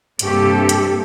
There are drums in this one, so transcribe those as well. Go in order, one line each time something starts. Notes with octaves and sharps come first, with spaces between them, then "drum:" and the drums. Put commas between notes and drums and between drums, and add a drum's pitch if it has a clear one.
G2 C3 A#3 G4 A4, drum: hi-hat
drum: hi-hat